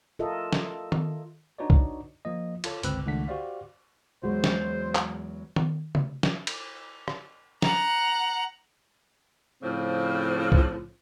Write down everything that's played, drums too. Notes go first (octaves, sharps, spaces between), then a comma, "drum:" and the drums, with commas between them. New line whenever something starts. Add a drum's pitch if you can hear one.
F4 A4 A#4 D#5 E5
drum: snare
drum: tom D#3
D4 D#4 F#4 B4 C#5 D5
drum: kick B1
F3 A#3 D#5
F4 A4 C#5, drum: cymbal
G1 C#2 C4 B4 E6 F#6, drum: hi-hat
C#2 D#3 A3 D4 F#5 B6
F#4 G4 C5 D5 F5
E2 F#3 G#3 F#4 C5
drum: snare
drum: clap
drum: tom D#3
drum: tom C3
drum: snare
drum: cymbal
drum: rim click
F#5 A#5, drum: snare
A2 C#3 F3 C4
drum: kick B1